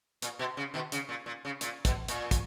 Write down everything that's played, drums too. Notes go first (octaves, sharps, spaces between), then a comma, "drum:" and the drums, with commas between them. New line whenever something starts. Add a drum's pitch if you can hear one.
A#2, drum: hi-hat
B2
C#3
B2 D#3
C#3, drum: hi-hat
A#2
A#2
C#3
A#2, drum: hi-hat
B2, drum: kick, hi-hat
A#2, drum: hi-hat
drum: kick, hi-hat